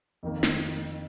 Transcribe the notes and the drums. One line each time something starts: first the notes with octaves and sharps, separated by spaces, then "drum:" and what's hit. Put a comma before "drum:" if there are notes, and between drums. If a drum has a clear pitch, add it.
F2 D#3 A#3
drum: snare